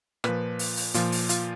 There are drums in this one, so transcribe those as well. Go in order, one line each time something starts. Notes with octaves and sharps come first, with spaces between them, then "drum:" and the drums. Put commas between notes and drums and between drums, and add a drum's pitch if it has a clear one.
A#2 F3 B4, drum: rim click
drum: open hi-hat
drum: open hi-hat
A#2 F3 F4, drum: hi-hat
drum: open hi-hat
F4, drum: hi-hat